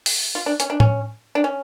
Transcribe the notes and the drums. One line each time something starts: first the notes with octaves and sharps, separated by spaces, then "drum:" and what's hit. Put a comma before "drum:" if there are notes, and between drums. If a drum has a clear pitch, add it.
drum: open hi-hat
F4
D4
C#4, drum: hi-hat
D4
C#4, drum: tom A2
D4
C#4